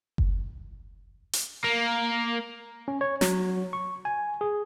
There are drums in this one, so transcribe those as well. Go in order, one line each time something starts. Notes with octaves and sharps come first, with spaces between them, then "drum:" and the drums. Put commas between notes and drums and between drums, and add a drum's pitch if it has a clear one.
drum: kick F#1
drum: hi-hat
A#3
C#4
C#5
F#3, drum: snare
C#6
G#5
G#4